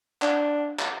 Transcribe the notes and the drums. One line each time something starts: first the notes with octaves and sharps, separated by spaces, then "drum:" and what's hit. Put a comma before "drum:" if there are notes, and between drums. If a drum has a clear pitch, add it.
D4, drum: clap
drum: clap